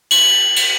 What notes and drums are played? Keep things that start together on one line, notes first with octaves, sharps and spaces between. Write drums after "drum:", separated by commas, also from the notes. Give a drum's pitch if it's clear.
F#7, drum: cymbal
drum: cymbal